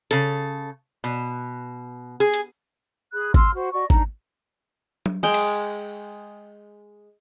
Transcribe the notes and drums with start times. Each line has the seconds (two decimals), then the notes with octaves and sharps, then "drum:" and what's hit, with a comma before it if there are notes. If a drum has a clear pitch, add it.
0.11 C#3 A4, drum: hi-hat
1.04 B2
2.20 G#4
2.34 drum: hi-hat
3.12 G#4 B5 F#6
3.34 C6 E6 F6, drum: kick G#1
3.54 F#4 C5
3.73 F#4 D5 D#5 C#6
3.90 D4 D#4 A#5, drum: kick G#1
5.06 drum: tom F#3
5.23 G#3 G5
5.34 drum: cymbal